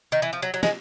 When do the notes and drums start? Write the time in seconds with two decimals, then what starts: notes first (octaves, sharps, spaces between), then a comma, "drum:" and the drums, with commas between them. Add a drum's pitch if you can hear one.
0.12 D#3
0.22 E3
0.33 F3
0.42 F#3
0.54 F#3
0.63 G#3, drum: snare